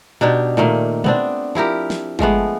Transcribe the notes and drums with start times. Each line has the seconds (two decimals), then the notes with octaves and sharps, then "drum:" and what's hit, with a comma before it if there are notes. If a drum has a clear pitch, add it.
0.21 B2 D4 D#4 G4
0.57 A#2 D#3 A3 A#3
1.04 B3 C4 D4, drum: tom
1.55 F3 E4 G4 A#4
1.90 drum: snare
2.19 F3 G#3 A3 B3, drum: kick G1